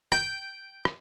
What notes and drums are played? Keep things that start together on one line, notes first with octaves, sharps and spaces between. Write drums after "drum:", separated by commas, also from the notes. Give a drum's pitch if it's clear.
G5, drum: rim click
drum: rim click